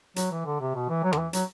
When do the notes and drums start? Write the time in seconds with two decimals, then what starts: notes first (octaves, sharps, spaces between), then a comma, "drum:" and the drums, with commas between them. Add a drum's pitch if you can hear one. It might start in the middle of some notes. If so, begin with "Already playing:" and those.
0.16 F#3, drum: hi-hat
0.31 E3
0.46 D3
0.61 C3
0.75 B2
0.89 E3
1.03 F#3
1.13 D3, drum: rim click
1.18 E3
1.33 F#3, drum: hi-hat